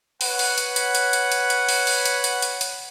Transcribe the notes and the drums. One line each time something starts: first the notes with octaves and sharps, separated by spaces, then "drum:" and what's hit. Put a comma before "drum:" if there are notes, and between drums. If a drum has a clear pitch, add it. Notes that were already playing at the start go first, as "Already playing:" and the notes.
B4 C#5 F#5, drum: open hi-hat
drum: open hi-hat
drum: hi-hat
drum: hi-hat
drum: hi-hat
drum: hi-hat
drum: hi-hat
drum: hi-hat
drum: open hi-hat
drum: open hi-hat
drum: hi-hat
drum: hi-hat
drum: hi-hat
drum: hi-hat